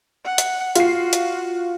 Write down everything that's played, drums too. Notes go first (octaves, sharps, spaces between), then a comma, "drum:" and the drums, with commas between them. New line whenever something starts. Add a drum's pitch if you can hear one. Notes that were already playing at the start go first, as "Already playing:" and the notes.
F#5
drum: hi-hat
F4 F#4 C7, drum: hi-hat
drum: hi-hat